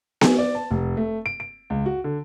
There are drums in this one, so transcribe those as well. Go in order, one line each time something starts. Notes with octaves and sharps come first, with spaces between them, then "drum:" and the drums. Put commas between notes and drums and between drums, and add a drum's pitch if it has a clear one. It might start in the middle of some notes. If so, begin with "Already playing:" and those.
G#5, drum: snare B3
D5
A5
F1
A3
D7
D7
C#2
F#4
D3